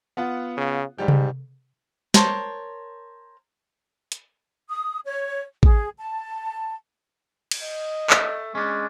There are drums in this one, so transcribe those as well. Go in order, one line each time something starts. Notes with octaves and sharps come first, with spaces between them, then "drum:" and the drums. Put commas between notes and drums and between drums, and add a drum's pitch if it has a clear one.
B3 F4 F#5
C#3
G#2 G3 G4
drum: tom C3
A#4 C5 C#5 A5, drum: snare
drum: hi-hat
D#6
C#5
G#4, drum: kick A1
A5
drum: cymbal
D#5
A3, drum: clap
G#3 C#4 D4